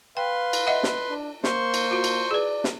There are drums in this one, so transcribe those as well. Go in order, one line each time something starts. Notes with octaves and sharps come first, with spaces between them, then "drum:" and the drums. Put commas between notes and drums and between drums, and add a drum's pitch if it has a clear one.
B4 F5 G5 C6
drum: cymbal
D#5 E5 F#5
drum: snare
D4
A#3 C5 C6 C#6, drum: snare
drum: cymbal
F4 F#4
drum: cymbal
G#4 B4 D5
drum: snare